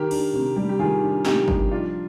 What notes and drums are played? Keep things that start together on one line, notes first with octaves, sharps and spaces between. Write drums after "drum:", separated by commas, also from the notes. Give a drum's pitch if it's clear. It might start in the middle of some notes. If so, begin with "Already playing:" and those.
Already playing: D#3 G4 A#4
D4, drum: cymbal
C3
G3
G4
D#3 F4 G#4
D4
C3 D#4 G4, drum: snare
G3, drum: kick G1
F3 D4 F4